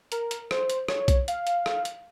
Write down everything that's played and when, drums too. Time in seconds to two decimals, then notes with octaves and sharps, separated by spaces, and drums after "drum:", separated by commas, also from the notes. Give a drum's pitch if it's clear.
0.12 A#4, drum: hi-hat
0.31 drum: hi-hat
0.51 C5, drum: rim click
0.70 drum: hi-hat
0.88 C#5, drum: rim click
1.08 drum: kick B1, hi-hat
1.28 F5, drum: hi-hat
1.47 drum: hi-hat
1.66 drum: rim click
1.85 drum: hi-hat